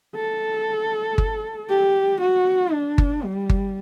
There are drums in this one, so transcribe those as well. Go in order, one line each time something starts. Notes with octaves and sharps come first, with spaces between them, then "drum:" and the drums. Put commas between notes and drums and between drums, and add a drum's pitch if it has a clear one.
A4
drum: kick G1
G4
F#4
D4
drum: kick G1
G3
drum: kick G1